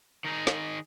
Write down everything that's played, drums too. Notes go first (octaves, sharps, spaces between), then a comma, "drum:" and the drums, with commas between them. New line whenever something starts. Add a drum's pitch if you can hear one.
D#3 D#4 G#4
drum: snare